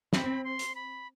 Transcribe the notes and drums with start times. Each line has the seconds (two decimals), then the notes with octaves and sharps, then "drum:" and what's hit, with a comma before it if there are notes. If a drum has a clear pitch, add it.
0.13 C4 B5, drum: snare
0.44 C6
0.59 drum: hi-hat
0.75 B5